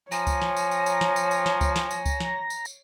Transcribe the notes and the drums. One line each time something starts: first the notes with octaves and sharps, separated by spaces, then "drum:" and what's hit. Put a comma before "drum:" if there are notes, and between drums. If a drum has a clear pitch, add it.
F3 C#5 G#5 A#5, drum: tambourine
drum: kick C#2, tambourine
drum: snare
drum: tambourine
drum: tambourine
drum: tambourine
drum: snare
drum: tambourine
drum: tambourine
drum: snare
drum: kick C#2, tambourine
drum: snare
drum: tambourine
drum: kick C#2, tambourine
drum: snare
drum: tambourine
drum: tambourine